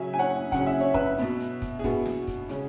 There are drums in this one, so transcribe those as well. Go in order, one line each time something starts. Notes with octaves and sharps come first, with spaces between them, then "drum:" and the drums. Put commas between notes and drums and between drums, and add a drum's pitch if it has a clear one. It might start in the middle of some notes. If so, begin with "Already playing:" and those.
Already playing: C#3 F#3 C#4 E5 G#5
G#5
C#5 F#5
C#3 F#3 C#4 F#5, drum: kick, hi-hat
E5
C#5
B4 E5, drum: kick
B2 B3, drum: hi-hat
drum: hi-hat
drum: kick, hi-hat
G#4
B2 B3 F#4, drum: kick, hi-hat
drum: snare
drum: kick, hi-hat
C#3 G#3 C#4, drum: hi-hat